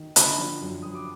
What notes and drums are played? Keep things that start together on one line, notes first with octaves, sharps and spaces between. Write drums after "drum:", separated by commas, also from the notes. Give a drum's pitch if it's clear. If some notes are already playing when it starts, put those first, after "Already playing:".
Already playing: D#3
D3 B5, drum: hi-hat
F3
F#2
F#2 D#6
D6